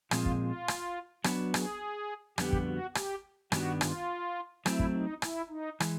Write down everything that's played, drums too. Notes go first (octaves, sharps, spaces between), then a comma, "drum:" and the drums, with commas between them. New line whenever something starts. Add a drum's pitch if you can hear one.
A#2 F3 G#3 C4 F4, drum: rim click
drum: kick
F4
drum: rim click
F#3 B3 D4 F#4 B4, drum: rim click
G#4, drum: rim click
F2 D3 G3 B3 G4, drum: rim click
drum: kick
F#4
G4, drum: rim click
G2 D#3 G3 B3 D4 F#4, drum: rim click
F4, drum: rim click
F#3 A3 C4 E4, drum: rim click
drum: kick
D#4
E4, drum: rim click
D#4
E3 G#3, drum: rim click